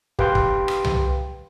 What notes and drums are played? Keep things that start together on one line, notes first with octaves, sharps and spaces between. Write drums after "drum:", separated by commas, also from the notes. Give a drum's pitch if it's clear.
G4 B4 F5 G5 C6, drum: kick
drum: kick
drum: rim click
drum: tom C2